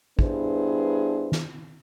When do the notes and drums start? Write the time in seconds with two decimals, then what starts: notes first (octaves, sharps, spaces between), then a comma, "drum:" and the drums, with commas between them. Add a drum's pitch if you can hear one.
0.19 G2 B3 D4 E4 G#4 C5, drum: kick
1.32 drum: snare